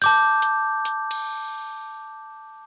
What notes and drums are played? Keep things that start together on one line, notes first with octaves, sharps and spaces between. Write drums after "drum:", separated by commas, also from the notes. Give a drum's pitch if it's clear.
A5 D6 G6, drum: open hi-hat
drum: hi-hat
drum: hi-hat
drum: cymbal